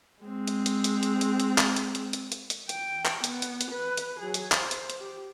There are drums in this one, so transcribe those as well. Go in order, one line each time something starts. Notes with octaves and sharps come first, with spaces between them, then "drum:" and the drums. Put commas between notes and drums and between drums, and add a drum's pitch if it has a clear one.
G#3 C4
drum: hi-hat
drum: hi-hat
drum: hi-hat
drum: hi-hat
drum: hi-hat
drum: hi-hat
drum: clap
drum: hi-hat
drum: hi-hat
drum: hi-hat
drum: hi-hat
drum: hi-hat
G5, drum: hi-hat
drum: clap
B3, drum: hi-hat
drum: hi-hat
drum: hi-hat
B4
drum: hi-hat
F#3 G#4
drum: hi-hat
C5, drum: clap
drum: hi-hat
drum: hi-hat
G4